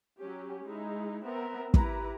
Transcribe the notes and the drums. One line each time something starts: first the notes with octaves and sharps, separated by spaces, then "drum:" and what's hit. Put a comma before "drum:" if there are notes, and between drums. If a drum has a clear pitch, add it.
F#3 C#4 G4
G#3 D#4 E4
B3 C4 A#4 E5
E4 G4 B4 A#5, drum: kick